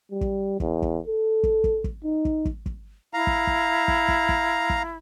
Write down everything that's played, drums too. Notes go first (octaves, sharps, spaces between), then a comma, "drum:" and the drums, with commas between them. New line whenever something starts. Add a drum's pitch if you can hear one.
G3
drum: kick
E2, drum: kick
drum: kick
A4
drum: kick
drum: kick
drum: kick
D#4
drum: kick
drum: kick
drum: kick
E4 F5 A#5
drum: kick
drum: kick
drum: kick
drum: kick
drum: kick
drum: kick